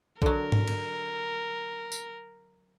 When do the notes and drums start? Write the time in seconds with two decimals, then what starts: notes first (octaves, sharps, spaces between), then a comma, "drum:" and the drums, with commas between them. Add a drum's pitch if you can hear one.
0.22 D3 F#3 A#4, drum: kick
0.52 drum: tom G#2
0.68 drum: cymbal
1.92 drum: tambourine